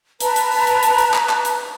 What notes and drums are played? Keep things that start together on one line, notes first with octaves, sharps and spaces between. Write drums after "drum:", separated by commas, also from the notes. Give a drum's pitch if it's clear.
B4 A5 A#5, drum: hi-hat
drum: hi-hat
drum: open hi-hat
drum: hi-hat
drum: hi-hat
drum: hi-hat
drum: clap
drum: clap
drum: hi-hat